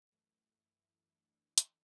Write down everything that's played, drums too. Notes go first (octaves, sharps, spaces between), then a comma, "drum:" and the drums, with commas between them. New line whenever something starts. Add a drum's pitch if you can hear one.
F#2 E3 A3
E4
D4
drum: hi-hat